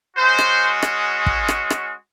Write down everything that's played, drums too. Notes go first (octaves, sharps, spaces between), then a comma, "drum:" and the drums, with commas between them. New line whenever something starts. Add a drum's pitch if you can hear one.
G#3 C#4 F#4 C5
drum: rim click
drum: rim click
drum: kick
drum: rim click
drum: rim click